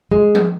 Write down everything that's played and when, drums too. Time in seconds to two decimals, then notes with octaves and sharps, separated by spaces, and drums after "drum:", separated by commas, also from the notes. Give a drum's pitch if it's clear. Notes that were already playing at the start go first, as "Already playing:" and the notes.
0.11 G#3
0.35 drum: tom F3